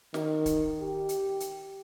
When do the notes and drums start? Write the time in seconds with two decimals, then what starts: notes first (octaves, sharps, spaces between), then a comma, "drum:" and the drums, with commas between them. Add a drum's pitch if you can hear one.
0.14 D#3, drum: snare
0.46 drum: kick, hi-hat
0.81 G4
1.09 drum: hi-hat
1.40 drum: hi-hat